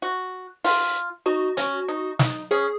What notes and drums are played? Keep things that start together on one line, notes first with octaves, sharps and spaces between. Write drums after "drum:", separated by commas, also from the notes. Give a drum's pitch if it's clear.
F#4
F4, drum: open hi-hat
D#4 F#4
C#4, drum: hi-hat
D#4
D#4, drum: snare
C#4 G#4